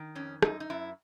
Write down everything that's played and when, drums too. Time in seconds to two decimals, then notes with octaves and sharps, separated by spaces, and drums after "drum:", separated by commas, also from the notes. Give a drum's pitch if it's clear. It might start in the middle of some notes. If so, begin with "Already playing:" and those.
Already playing: D#3
0.15 F2 C#4
0.42 F#2 D#4, drum: rim click
0.60 D#4
0.70 F#2 E4